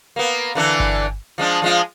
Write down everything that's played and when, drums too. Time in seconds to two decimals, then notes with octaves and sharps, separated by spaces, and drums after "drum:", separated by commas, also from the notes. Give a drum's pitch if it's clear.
0.16 A#3 B3
0.55 D3 E3 D4
0.80 drum: kick G1
1.38 F3 G#3 D4
1.62 F3 G#3 F4